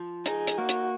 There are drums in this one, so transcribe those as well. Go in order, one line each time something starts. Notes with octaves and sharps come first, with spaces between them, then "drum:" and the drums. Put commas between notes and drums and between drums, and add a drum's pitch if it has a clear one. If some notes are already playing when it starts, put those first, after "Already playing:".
Already playing: F3
D#4 G#4, drum: hi-hat
drum: hi-hat
A#3 F#4
drum: hi-hat